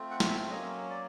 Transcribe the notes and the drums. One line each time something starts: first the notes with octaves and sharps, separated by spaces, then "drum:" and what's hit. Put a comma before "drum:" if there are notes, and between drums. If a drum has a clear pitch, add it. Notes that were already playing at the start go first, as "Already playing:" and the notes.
Already playing: A3 C4 F4
F#5
drum: snare
E5
F#3 A#3 C#4 D#5
D5